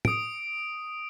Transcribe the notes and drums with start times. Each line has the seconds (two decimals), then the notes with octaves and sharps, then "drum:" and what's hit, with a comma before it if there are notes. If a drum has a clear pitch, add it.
0.05 D#6 D7, drum: tom